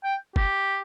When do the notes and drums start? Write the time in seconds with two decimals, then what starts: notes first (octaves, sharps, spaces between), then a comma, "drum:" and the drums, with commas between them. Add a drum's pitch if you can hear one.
0.03 G5
0.36 G4, drum: kick